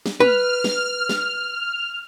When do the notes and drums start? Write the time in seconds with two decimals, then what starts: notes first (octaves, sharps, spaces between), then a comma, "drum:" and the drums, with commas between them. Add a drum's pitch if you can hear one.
0.06 drum: snare
0.20 B4 F6, drum: tom
0.64 drum: snare
1.09 drum: snare